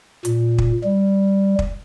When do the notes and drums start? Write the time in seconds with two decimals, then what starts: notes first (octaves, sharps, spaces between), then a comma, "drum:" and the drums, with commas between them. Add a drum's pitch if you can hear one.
0.25 A#2, drum: hi-hat
0.58 drum: kick
0.84 G3
1.59 drum: kick